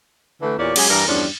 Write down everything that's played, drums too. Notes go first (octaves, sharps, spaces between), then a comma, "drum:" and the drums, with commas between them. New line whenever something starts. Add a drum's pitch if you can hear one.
D3 E3 A3
E2 A#2 A#3 G4 C#5 D5
F#3 G#3 C#4 G4 G#4, drum: cymbal
G2 E3 G3 A#4
E2 G2 D3 F3 C#4 D4